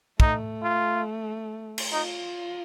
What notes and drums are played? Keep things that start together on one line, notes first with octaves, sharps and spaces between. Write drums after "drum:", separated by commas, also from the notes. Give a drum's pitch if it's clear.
A3 D#4, drum: kick
F4
drum: cymbal
D#4 F4